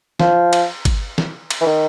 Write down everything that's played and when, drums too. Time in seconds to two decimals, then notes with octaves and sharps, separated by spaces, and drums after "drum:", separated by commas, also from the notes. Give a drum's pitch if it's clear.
0.20 F3, drum: snare
0.53 drum: cymbal
0.85 drum: kick G1, cymbal
1.18 drum: snare
1.51 drum: cymbal
1.61 E3
1.66 D#3